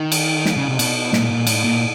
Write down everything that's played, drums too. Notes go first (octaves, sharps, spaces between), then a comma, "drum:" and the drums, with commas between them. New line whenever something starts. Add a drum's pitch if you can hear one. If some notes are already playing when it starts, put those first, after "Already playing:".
Already playing: D#3
drum: cymbal
drum: snare
C#3
C3
B2, drum: cymbal
A#2, drum: snare
A#2
A2, drum: cymbal
A#2